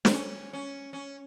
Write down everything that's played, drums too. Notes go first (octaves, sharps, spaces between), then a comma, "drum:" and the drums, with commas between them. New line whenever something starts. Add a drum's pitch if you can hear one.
C4, drum: snare
C#4
C#4
C#4